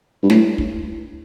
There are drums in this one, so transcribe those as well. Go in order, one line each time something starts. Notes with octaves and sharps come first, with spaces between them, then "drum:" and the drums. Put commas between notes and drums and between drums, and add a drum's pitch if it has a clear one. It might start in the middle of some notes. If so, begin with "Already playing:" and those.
G2
A2, drum: snare
drum: kick